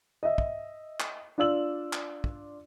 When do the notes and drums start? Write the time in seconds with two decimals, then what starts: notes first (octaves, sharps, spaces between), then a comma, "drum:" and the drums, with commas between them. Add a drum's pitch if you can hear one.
0.23 D#5 E5
0.38 drum: kick
1.00 drum: clap
1.38 D4 F4 D5 E6 F#7
1.93 drum: clap
2.24 drum: kick